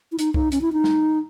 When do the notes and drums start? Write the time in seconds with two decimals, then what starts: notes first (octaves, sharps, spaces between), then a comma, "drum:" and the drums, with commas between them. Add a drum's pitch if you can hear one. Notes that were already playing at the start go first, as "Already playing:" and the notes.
0.12 E4
0.19 D#4, drum: hi-hat
0.34 D#4, drum: kick C2
0.52 C#4, drum: hi-hat
0.61 E4
0.73 D#4
0.84 drum: snare